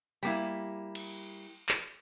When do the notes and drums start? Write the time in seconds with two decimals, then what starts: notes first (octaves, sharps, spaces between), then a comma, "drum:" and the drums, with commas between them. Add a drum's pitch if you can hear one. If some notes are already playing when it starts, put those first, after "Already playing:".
0.23 G3 A#3 E4
0.95 drum: cymbal
1.69 drum: clap